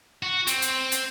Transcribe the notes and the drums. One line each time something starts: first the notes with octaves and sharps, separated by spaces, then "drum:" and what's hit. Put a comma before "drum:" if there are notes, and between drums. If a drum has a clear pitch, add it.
F#4
C4, drum: hi-hat
drum: hi-hat
drum: hi-hat